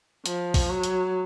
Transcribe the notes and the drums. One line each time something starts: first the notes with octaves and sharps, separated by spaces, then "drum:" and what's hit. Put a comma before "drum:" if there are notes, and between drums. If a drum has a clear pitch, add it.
F3, drum: hi-hat
drum: kick, open hi-hat
F#3
drum: hi-hat